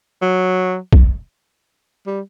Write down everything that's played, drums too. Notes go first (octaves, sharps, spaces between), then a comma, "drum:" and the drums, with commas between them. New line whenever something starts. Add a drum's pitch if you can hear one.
F#3
drum: kick B1
G3